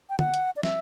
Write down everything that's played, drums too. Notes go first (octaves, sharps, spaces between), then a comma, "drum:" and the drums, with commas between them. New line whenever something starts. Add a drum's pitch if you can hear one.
G5
F#5, drum: tom
drum: hi-hat
D5
E5, drum: snare